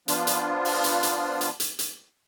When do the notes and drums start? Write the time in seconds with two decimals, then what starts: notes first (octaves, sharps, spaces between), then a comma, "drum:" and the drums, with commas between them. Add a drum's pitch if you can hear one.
0.08 F3 B3 D4 F4, drum: hi-hat
0.27 drum: hi-hat
0.65 drum: open hi-hat
0.84 drum: hi-hat
1.03 drum: hi-hat
1.41 drum: hi-hat
1.60 drum: hi-hat
1.79 drum: hi-hat